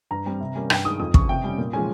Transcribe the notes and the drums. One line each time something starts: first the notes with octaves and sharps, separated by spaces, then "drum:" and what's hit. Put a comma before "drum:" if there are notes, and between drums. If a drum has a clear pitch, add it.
G2 A#5
G3 C4
C3
G3 A#3 C#4
G2 G5, drum: rim click
D#3 G#3 D#6
F2 D#6
C#3 F3 C#6, drum: kick
C3 G5
G3 C#4
A#2
F3 G#3 C#4 G#5